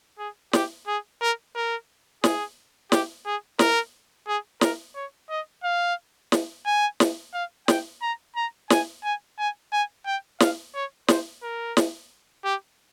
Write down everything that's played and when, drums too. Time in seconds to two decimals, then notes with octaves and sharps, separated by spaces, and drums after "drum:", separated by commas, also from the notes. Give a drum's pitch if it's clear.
0.19 G#4
0.53 G4, drum: snare
0.87 G#4
1.21 A#4
1.56 A#4
2.24 G#4, drum: snare
2.92 G4, drum: snare
3.26 G#4
3.59 A#4, drum: snare
4.27 G#4
4.61 A#4, drum: snare
4.96 C#5
5.30 D#5
5.64 F5
6.32 drum: snare
6.66 G#5
7.00 drum: snare
7.34 F5
7.68 G5, drum: snare
8.02 A#5
8.36 A#5
8.70 G#5, drum: snare
9.04 G#5
9.39 G#5
9.73 G#5
10.06 G5
10.40 F5, drum: snare
10.75 C#5
11.08 C5, drum: snare
11.43 A#4
11.77 drum: snare
12.45 G4